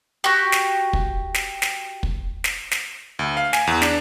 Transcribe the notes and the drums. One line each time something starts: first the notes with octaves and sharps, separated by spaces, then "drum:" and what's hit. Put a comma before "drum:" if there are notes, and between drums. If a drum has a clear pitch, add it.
F#4 G4
drum: snare
drum: kick
drum: snare
drum: snare
drum: kick
drum: snare
drum: snare
D2
F5
G#5, drum: snare
E2
D4, drum: snare